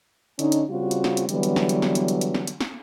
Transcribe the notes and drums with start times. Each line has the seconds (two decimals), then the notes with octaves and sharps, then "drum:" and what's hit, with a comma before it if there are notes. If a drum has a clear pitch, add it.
0.39 D3 C#4 D#4, drum: hi-hat
0.52 drum: hi-hat
0.70 C#3 G3 C4 F4 F#4
0.91 drum: hi-hat
1.04 drum: snare
1.17 drum: hi-hat
1.29 D3 E3 F#3 G3 B3, drum: hi-hat
1.43 drum: hi-hat
1.56 drum: snare
1.69 drum: hi-hat
1.82 drum: snare
1.95 drum: hi-hat
2.08 drum: hi-hat
2.21 drum: hi-hat
2.34 drum: snare
2.47 drum: hi-hat
2.61 drum: snare